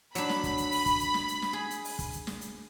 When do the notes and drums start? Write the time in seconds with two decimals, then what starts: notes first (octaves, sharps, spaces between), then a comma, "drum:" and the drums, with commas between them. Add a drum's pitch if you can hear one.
0.15 F#3 D4 B5, drum: hi-hat
0.29 drum: snare
0.43 drum: kick, hi-hat
0.58 drum: hi-hat
0.72 drum: open hi-hat
0.86 drum: kick, hi-hat
1.00 drum: hi-hat
1.14 drum: snare
1.28 drum: hi-hat
1.42 drum: snare
1.53 G#4
1.70 drum: hi-hat
1.85 drum: open hi-hat
1.99 drum: kick, hi-hat
2.13 drum: hi-hat
2.27 drum: snare
2.41 drum: hi-hat